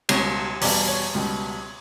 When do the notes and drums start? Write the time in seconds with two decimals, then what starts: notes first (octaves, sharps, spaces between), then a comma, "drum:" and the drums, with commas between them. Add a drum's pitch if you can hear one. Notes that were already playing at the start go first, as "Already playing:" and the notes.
0.09 C#2 B2 G3 C#5, drum: cymbal
0.61 E2 B2 G3 D5, drum: open hi-hat
0.88 C#5
1.15 C#2 B2 G3